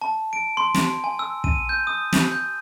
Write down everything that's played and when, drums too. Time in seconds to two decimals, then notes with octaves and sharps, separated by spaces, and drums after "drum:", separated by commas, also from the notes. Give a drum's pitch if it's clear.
0.02 A5
0.33 D7
0.57 C6
0.74 drum: snare
1.04 G#5
1.19 E6
1.44 D#7, drum: kick
1.69 G6
1.87 D#6
2.13 drum: snare
2.32 G6